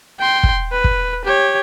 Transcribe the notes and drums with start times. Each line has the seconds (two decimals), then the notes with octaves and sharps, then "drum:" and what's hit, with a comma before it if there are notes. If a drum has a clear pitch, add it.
0.19 G5 C6
0.43 drum: kick
0.73 B4
0.84 drum: kick
1.25 G4 C#5